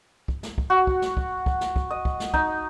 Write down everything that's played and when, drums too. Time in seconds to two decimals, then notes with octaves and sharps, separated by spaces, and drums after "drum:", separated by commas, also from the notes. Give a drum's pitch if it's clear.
0.28 drum: kick
0.43 drum: snare
0.58 drum: kick
0.70 F#4
0.87 drum: kick
1.02 drum: snare
1.17 drum: kick
1.46 drum: kick
1.61 drum: snare
1.76 drum: kick
1.91 D#5
2.05 drum: kick
2.20 drum: snare
2.34 D#4, drum: kick